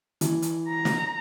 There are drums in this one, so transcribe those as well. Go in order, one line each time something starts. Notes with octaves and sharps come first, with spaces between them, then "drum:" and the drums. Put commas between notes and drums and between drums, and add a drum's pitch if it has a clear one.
E3, drum: hi-hat
drum: hi-hat
A#5
drum: snare